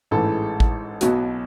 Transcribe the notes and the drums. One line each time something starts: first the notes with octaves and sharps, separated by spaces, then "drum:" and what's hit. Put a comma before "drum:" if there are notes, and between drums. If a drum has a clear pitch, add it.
A1 G#2 E3 A4
drum: kick G#1
B1 B2 F#3, drum: hi-hat